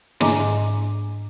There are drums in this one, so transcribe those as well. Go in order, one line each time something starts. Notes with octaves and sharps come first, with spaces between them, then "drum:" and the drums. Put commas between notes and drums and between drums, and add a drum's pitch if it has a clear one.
G#2 D4 D#5 G#5 A#5 D6, drum: snare